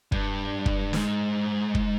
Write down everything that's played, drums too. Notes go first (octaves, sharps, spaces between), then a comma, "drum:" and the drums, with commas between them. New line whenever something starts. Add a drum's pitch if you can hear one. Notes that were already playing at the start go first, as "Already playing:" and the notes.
G2, drum: kick
drum: kick
G#2, drum: snare
drum: kick